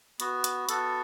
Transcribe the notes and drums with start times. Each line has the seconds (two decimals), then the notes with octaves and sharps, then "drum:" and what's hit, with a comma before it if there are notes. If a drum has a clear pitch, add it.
0.20 B3 F#4, drum: hi-hat
0.44 drum: hi-hat
0.69 B3 F#4 A4, drum: hi-hat